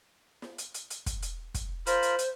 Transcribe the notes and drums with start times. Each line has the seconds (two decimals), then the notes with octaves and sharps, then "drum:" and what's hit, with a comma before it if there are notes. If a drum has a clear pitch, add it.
0.42 drum: snare
0.58 drum: hi-hat
0.74 drum: hi-hat
0.90 drum: hi-hat
1.06 drum: kick, hi-hat
1.22 drum: hi-hat
1.54 drum: kick, hi-hat
1.86 F4 A#4 C5 B5, drum: hi-hat
2.03 drum: hi-hat
2.19 drum: hi-hat